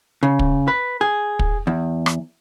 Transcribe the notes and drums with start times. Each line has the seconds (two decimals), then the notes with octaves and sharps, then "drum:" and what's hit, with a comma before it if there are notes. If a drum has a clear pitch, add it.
0.23 C#3
0.39 drum: kick
0.68 B4
1.01 G#4
1.39 drum: kick
1.67 E2
2.06 drum: rim click